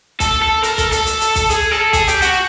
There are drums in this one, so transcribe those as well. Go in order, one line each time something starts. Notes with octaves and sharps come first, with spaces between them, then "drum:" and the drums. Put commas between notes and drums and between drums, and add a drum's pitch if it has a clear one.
A4, drum: kick, hi-hat
A4
A#4, drum: hi-hat
A4, drum: kick, hi-hat
A4, drum: hi-hat
drum: hi-hat
drum: hi-hat
drum: kick, hi-hat
G#4, drum: hi-hat
A4
G#4, drum: kick, hi-hat
G4, drum: hi-hat
F#4, drum: hi-hat